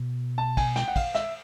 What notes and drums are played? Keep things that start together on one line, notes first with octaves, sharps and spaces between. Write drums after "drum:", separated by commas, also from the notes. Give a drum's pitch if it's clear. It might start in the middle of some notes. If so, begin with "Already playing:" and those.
Already playing: B2
A5
G#5, drum: kick, cymbal
G5, drum: snare
F#5
F5, drum: kick, cymbal
E5, drum: snare